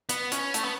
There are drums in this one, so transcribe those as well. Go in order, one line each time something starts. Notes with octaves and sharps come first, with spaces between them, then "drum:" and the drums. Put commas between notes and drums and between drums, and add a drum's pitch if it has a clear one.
B3, drum: hi-hat
C#4, drum: hi-hat
A3, drum: hi-hat
B3